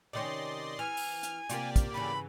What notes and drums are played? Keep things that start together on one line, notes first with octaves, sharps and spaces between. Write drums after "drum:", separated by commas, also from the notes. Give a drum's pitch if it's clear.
C3 D#3 C#4 D5 D#5 C6
E3 G#5 F6
drum: open hi-hat
drum: hi-hat
C3 A#3 F4 G4 D5, drum: hi-hat
drum: kick, hi-hat
G#2 C#3 E3 B5